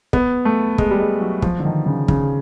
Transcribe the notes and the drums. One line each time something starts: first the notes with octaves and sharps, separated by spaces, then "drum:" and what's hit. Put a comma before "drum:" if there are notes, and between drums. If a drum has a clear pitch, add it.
B3, drum: kick
A3
G#3, drum: kick
G3
G#3
F#3
F3, drum: kick
D3
D#3
C#3
C#3, drum: kick